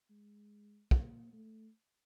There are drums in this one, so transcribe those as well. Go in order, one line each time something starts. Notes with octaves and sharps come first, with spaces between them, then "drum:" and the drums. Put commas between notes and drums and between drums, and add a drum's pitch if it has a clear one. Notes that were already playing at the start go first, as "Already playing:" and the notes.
G#3
A#3, drum: kick
A3